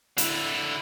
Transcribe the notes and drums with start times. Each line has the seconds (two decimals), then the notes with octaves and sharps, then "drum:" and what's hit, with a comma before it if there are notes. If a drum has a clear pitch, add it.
0.18 D3 E4, drum: hi-hat